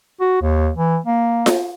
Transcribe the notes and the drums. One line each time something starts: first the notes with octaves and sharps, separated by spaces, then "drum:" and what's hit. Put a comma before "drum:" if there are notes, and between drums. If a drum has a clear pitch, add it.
F#4
D#2
E3
A#3
drum: snare F4